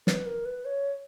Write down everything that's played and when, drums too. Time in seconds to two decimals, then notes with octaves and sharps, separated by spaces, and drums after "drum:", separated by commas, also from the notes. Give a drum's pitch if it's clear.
0.07 B4, drum: snare
0.26 A#4
0.45 B4
0.65 C#5